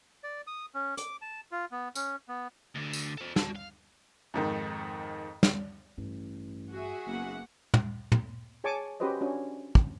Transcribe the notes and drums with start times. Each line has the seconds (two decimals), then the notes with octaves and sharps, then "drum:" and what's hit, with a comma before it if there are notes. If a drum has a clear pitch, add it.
0.23 D5
0.47 D#6
0.75 C#4
0.97 D6, drum: hi-hat
1.22 A5
1.52 F4
1.72 B3
1.95 C#4, drum: tambourine
2.28 B3
2.76 D2 D3
2.93 drum: tambourine
3.18 A4 C5
3.36 F#4 A5, drum: snare
3.55 F5
4.34 F2 G#2 D#3
5.43 drum: snare
5.98 A1 G2
6.71 F#4 G#4 E5
7.06 F#1 A#3 B3 F#5
7.74 drum: tom
8.12 drum: tom
8.64 G#4 C#5 G#5 A5 C#6 D6
9.00 C#4 F#4 G4 B4 C5 D#5
9.21 C#4 D4 F#4
9.75 drum: kick